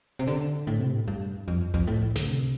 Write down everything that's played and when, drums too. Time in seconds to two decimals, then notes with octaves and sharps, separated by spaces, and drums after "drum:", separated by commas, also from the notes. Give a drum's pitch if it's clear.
0.19 C3
0.28 D3
0.67 A2
0.80 C3
0.91 A2
1.08 G2
1.48 F2
1.74 F2, drum: tom C2
1.87 A2
2.16 D3, drum: snare
2.27 C3